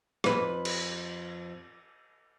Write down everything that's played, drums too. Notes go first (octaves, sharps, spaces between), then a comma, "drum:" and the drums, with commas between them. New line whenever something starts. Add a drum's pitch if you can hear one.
F2 B4, drum: rim click
drum: cymbal